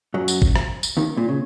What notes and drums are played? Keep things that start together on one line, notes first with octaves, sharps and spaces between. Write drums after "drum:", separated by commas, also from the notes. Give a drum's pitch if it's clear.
F#2 F#3
drum: tambourine
drum: kick G#1
drum: rim click
drum: tambourine
D#2 D#3
A#2
C#3